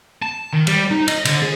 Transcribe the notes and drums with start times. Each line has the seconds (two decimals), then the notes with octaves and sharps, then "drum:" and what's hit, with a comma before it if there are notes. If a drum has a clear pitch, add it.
0.22 A5
0.53 D#3
0.67 G3, drum: cymbal
0.91 D#4
1.08 D#5, drum: cymbal
1.25 D3, drum: cymbal
1.42 G#4